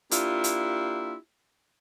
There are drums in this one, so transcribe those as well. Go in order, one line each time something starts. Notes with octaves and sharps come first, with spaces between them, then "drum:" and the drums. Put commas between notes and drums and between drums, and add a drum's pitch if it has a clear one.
A#3 D4 E4 F4 G4, drum: hi-hat
drum: hi-hat